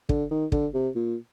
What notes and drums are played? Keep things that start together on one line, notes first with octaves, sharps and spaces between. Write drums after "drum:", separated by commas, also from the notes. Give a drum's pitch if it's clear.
D3, drum: kick
D#3
D3, drum: kick
C3
A#2